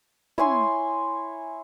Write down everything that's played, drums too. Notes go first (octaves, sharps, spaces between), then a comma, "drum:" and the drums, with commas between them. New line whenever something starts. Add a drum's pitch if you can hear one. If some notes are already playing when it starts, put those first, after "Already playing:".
E4 C#5 G#5 C6, drum: tom